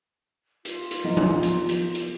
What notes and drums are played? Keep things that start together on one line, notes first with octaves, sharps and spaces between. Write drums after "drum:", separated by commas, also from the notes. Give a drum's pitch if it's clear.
F4, drum: hi-hat
drum: hi-hat
F3 B3 D#4
drum: tom F3
drum: hi-hat
drum: hi-hat
drum: hi-hat